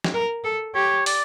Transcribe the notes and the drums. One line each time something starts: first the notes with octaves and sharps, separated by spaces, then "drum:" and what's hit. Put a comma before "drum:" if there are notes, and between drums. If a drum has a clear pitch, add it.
drum: snare
A#4
A4
G4 C#5
D5, drum: open hi-hat